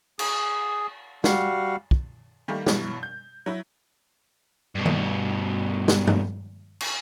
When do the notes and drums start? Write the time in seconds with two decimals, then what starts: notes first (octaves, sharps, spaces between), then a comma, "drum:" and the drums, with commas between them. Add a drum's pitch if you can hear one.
0.19 G#4, drum: cymbal
1.24 G3 F#4 F5, drum: snare
1.91 drum: kick
2.48 D#3 G3 A3 A#3
2.66 G2 B2 E3 F#3, drum: snare
3.03 G6
3.46 F#3 E4
4.75 G2 B2
4.86 drum: tom D#3
5.88 drum: snare
6.07 drum: tom G2
6.80 drum: cymbal